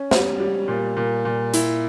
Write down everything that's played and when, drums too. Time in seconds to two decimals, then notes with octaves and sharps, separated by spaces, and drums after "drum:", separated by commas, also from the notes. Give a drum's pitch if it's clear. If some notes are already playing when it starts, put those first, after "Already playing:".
Already playing: C#4
0.11 G3, drum: snare
0.40 G3
0.68 A#2
0.97 A#2
1.25 A#2
1.54 E4, drum: hi-hat